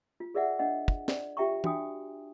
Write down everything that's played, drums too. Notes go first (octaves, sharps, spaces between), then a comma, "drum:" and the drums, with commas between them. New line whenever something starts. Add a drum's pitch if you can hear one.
F4
G#4 A#4 D5 E5 F#5
D4 D#5 F#5
drum: kick
D5, drum: snare
F4 G4 E5 G5 A#5 C#6
D4 F#4 G5 G#5 D#6, drum: tom